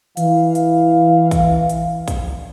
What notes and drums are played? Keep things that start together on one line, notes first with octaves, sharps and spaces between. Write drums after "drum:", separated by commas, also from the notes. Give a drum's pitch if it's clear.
E3 F5, drum: hi-hat
drum: hi-hat
drum: kick, hi-hat
drum: hi-hat
drum: kick, hi-hat